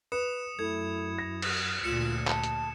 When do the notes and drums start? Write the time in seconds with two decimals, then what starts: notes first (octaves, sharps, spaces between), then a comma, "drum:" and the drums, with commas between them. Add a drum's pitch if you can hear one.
0.12 B4 D#6 C#7 E7
0.59 F#2 A3 E4 G#6
1.19 A#6
1.42 drum: cymbal
1.84 D2 A#2 F4 C#7 E7
2.28 A5, drum: clap
2.44 drum: hi-hat